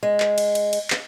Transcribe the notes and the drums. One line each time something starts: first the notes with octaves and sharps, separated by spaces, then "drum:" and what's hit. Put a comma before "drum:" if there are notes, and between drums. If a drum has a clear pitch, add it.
G#3
drum: clap
drum: cymbal
drum: cymbal
drum: cymbal
drum: clap